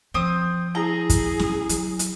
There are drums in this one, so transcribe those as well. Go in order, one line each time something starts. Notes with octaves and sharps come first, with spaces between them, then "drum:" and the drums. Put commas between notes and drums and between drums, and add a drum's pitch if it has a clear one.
F3 C4 D#6
E4 G#4 A#5
drum: kick, hi-hat
drum: snare
F#3, drum: hi-hat
drum: hi-hat